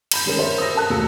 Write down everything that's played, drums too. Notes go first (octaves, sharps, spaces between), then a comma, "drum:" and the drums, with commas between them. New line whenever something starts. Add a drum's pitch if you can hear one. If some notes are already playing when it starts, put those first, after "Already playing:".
A#5 B5 G6, drum: cymbal
D#3 G3 G#3 C#4 G#4 A#4
A#4 C5 C#5 E5 B5
D#6 E6 A#6
A4 A#4 A5 F#6
D#2 B2 A3 G#4 E6 C#7